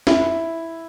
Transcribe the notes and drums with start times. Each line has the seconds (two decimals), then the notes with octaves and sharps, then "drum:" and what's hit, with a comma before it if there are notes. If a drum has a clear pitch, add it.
0.07 E4, drum: snare